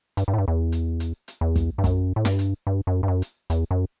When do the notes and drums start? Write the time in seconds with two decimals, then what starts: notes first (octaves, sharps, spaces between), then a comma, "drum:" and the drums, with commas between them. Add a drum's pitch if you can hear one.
0.17 G2, drum: hi-hat
0.28 G2
0.34 A2
0.38 G2
0.48 E2
0.72 drum: hi-hat
1.00 drum: hi-hat
1.28 drum: hi-hat
1.41 E2
1.56 drum: kick, hi-hat
1.78 G2
1.84 F#2, drum: kick, hi-hat
2.16 A2
2.25 G2, drum: snare
2.39 drum: hi-hat
2.67 G2
2.87 F#2
3.03 G2
3.08 F#2
3.22 drum: hi-hat
3.50 E2, drum: hi-hat
3.71 F#2